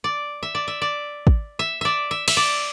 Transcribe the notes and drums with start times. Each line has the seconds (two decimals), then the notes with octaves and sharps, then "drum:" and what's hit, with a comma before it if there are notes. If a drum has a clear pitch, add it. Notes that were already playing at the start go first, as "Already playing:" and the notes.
0.04 D5
0.43 E5
0.55 D5
0.68 E5
0.82 D5
1.27 drum: kick
1.59 E5
1.81 D5 E5
2.11 E5
2.28 E5, drum: cymbal
2.37 D5